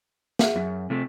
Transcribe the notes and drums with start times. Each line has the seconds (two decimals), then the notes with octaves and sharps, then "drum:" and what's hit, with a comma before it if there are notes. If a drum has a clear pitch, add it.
0.39 G#4 E5 F#5, drum: snare
0.56 F#2
0.90 C3 A3